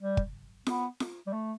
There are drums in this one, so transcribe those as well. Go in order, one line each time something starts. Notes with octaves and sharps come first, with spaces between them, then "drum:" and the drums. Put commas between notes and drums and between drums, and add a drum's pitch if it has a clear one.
G3
drum: kick
B3, drum: snare F4
drum: snare F4
G3
A3